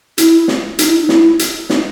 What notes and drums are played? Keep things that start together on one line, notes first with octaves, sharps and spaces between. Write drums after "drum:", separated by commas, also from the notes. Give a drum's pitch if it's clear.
E4, drum: hi-hat
drum: snare
D#4, drum: hi-hat
E4
D#4
E4, drum: snare
drum: hi-hat
D#4, drum: snare